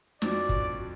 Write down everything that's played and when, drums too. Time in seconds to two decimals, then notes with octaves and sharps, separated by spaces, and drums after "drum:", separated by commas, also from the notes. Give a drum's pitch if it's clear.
0.22 F2 F3 D4 F#4 D5, drum: snare
0.49 drum: kick